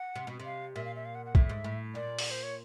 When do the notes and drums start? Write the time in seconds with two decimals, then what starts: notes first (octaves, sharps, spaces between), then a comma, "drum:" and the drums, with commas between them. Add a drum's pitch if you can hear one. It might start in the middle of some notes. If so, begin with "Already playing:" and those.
Already playing: F#5
0.16 C3
0.27 B2
0.40 C3
0.45 F5
0.76 A#2 E5
0.85 F5
0.96 E5
1.05 F5
1.15 F#5
1.26 F#5
1.35 A2 E5, drum: kick B1
1.49 G#2
1.64 A2
1.95 A#2 D5
2.19 drum: open hi-hat
2.31 C5
2.43 C#5